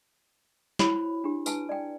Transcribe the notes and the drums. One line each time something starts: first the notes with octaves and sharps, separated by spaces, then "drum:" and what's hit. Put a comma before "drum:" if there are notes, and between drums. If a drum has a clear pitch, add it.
E4 F#4 C5 C#5 B5, drum: snare
D4 G4
B4 G#5 A5, drum: tambourine
D5 G5